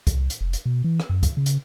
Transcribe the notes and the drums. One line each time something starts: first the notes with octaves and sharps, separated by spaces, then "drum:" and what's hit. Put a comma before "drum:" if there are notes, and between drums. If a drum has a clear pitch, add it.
C2, drum: kick, hi-hat
drum: hi-hat
F1
drum: hi-hat
B2
E3
drum: rim click
F#2
drum: kick, hi-hat
C#3
drum: hi-hat